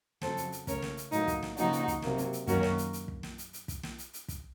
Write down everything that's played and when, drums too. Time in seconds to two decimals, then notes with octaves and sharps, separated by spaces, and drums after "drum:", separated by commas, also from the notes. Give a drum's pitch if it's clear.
0.21 F2 C#3 F#3 A4 C5, drum: snare
0.37 drum: hi-hat
0.52 drum: hi-hat
0.67 C#3 A3 C#4 A#4 C#5, drum: kick, hi-hat
0.82 drum: snare
0.97 drum: hi-hat
1.12 A2 F#3 A#3 D#4, drum: hi-hat
1.27 drum: kick, hi-hat
1.42 drum: snare
1.57 C#3 F3 A#3 D#4 F#4, drum: hi-hat
1.73 drum: hi-hat
1.88 drum: kick, hi-hat
2.02 C3 F#3 A#3, drum: snare
2.18 drum: hi-hat
2.33 drum: hi-hat
2.47 F#2 D#3 A#3 C#4 F#4 A#4, drum: kick, hi-hat
2.63 drum: snare
2.78 drum: hi-hat
2.93 drum: hi-hat
3.08 drum: kick
3.23 drum: snare
3.38 drum: hi-hat
3.53 drum: hi-hat
3.68 drum: kick, hi-hat
3.83 drum: snare
3.98 drum: hi-hat
4.13 drum: hi-hat
4.28 drum: kick, hi-hat